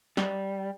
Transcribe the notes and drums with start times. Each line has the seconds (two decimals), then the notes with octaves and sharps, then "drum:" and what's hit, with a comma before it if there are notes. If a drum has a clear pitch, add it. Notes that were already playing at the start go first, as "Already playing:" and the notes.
0.17 G3, drum: snare